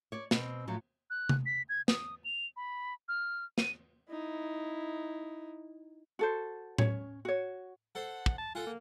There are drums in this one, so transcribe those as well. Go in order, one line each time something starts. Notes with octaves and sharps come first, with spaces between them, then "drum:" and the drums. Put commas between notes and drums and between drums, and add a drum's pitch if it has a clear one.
C#5 D5
B2 C4, drum: snare
A2 F3 F#3
F#6
drum: tom C3
B6
G#6
D#6, drum: snare
F7
B5
F6
D#7, drum: snare
D#4 E4
F#4 A4 C5
C#4 C#5, drum: tom A2
F#4 C#5
A4 C5 F#5
drum: kick
A5
F4 A4 F#5 G#5
A#3